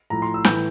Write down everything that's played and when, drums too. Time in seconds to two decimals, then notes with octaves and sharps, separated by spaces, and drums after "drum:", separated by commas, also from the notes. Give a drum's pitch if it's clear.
0.10 A2 F3 A#5
0.22 C6
0.34 E6
0.45 A2 E3 G6, drum: snare